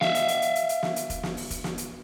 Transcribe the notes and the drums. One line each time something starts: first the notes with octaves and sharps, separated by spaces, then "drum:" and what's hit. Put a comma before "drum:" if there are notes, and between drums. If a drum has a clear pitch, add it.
E5 F5, drum: snare
drum: hi-hat
drum: hi-hat
drum: hi-hat
drum: hi-hat
drum: hi-hat
drum: snare
drum: hi-hat
drum: kick F1, hi-hat
drum: snare
drum: open hi-hat
drum: kick F1, hi-hat
drum: snare
drum: hi-hat